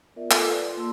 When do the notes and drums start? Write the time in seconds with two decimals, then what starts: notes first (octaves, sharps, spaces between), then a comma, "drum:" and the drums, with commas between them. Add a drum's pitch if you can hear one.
0.16 B3 F4 A#4 D5 E5
0.31 F4 A4 G5 D6, drum: clap
0.46 B4 D5
0.63 F4 C6
0.77 A#3 A5 C6 E6